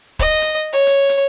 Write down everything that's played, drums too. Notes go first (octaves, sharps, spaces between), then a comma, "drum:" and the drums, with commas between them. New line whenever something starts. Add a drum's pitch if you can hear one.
D#5, drum: kick, hi-hat
drum: hi-hat
C#5
drum: hi-hat
drum: hi-hat